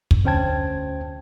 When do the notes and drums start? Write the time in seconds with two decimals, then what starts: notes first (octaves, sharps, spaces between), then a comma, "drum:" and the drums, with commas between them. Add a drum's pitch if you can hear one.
0.11 drum: kick
0.25 D2 C#4 C5 G5 A5 G#6